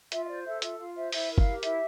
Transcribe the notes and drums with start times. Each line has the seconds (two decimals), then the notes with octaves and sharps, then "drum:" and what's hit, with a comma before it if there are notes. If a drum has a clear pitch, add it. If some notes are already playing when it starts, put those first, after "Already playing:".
0.12 F4 E5, drum: hi-hat
0.24 E5
0.28 C5 D5
0.45 A4 E5
0.62 F4 E5, drum: hi-hat
0.79 F4 F5
0.95 C5 E5
1.12 E4 E5, drum: open hi-hat
1.29 A#4
1.38 F5, drum: kick F#1
1.46 G4
1.63 E4 E5, drum: hi-hat